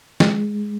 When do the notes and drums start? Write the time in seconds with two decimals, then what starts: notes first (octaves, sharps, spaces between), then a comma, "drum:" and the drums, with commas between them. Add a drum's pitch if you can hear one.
0.20 G#3, drum: snare